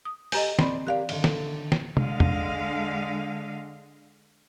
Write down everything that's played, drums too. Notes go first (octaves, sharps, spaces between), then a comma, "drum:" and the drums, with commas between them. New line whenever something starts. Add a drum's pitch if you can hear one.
D#6
G4 D#5 G#5 A#5 G6, drum: open hi-hat
C4 C5 D5 B5, drum: snare
G4 A#4 D5 F5 F#6
D3 D#3, drum: cymbal
drum: snare
drum: snare
D3 G#3 F5, drum: tom
drum: tom E2